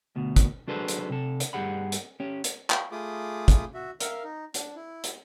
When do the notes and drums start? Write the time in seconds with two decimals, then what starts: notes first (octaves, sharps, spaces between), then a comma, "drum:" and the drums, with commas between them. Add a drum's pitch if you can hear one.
0.16 D2 B2
0.36 drum: kick, hi-hat
0.68 F#3 D4 G#4 A4 B4 C5
0.88 drum: hi-hat
1.09 C3 A4
1.40 drum: hi-hat
1.53 G2 D#3 G4 G#4 F#5 B5
1.92 drum: hi-hat
2.20 C#4 G4
2.44 drum: hi-hat
2.70 drum: clap
2.92 A3 F4 G#4 B5 D6 D#6
3.48 drum: kick, hi-hat
3.74 F#4 E5
4.00 A#4 E5 F5, drum: hi-hat
4.23 D#4
4.54 D4, drum: hi-hat
4.76 E4
5.04 drum: hi-hat